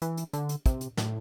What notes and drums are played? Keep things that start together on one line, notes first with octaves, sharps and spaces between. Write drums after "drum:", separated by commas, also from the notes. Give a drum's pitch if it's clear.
E3, drum: hi-hat
drum: hi-hat
D3, drum: hi-hat
drum: hi-hat
C3, drum: kick, hi-hat
drum: hi-hat
A2, drum: snare